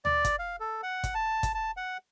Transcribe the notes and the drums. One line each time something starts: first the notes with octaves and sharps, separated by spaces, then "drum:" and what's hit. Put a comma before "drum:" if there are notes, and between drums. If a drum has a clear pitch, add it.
D5, drum: tom D2
drum: kick, hi-hat
F5
A4
F#5
drum: kick, hi-hat
A5
drum: kick, hi-hat
A5
F#5